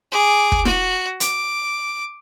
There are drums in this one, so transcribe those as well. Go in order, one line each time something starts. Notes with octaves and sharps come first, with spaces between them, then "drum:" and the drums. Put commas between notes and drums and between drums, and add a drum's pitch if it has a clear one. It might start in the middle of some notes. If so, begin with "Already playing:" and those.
G#4 D6
drum: kick
F#4, drum: snare E4
D6, drum: hi-hat